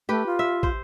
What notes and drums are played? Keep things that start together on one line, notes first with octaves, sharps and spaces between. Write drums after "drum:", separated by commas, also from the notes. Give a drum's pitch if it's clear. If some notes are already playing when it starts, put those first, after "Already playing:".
A3 G4 B4
F4
E5
C5, drum: kick